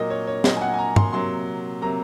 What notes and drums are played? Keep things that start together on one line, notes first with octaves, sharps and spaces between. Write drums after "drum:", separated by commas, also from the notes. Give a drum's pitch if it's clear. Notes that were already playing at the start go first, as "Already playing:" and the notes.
Already playing: A#2 F#3 A#3 D#5
C#5
C#5
A#2 F#3 A#3 D#5, drum: snare
G#5
F#5
G#5
A#5
C6, drum: tom
C3 F#3 A#3 C6
C3 F#3 A#3 A#5